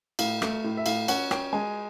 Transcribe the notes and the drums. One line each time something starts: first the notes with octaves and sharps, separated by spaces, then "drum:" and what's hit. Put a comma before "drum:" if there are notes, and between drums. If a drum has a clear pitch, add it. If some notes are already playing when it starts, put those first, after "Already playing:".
A2 F5, drum: cymbal
A3, drum: rim click
A2
E5
A2 F5, drum: cymbal
C#4 F#5, drum: cymbal
C#4 G5, drum: rim click
G#3 G#5